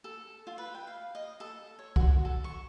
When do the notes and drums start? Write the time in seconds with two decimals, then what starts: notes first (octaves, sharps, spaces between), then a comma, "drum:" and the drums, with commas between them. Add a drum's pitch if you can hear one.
0.04 A4
0.47 F4
0.58 B4
0.75 G5
0.87 F5
1.15 D#5
1.40 A4
1.79 C#5
1.96 F#4, drum: kick
2.25 A4
2.44 C#6